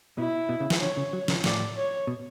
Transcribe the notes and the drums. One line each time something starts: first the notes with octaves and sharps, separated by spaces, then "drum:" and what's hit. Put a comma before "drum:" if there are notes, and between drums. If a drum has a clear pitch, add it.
B2 E4
B2
C#3
E3, drum: snare
D3 C#5
C#3
F#3
C#3, drum: snare
A2 D5, drum: snare
C#5
B2